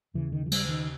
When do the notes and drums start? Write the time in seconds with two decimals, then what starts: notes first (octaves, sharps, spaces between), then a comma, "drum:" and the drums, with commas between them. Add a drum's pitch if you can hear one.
0.14 D#2 C#3 E3
0.32 D#3
0.46 E3
0.52 G3, drum: cymbal
0.69 D#3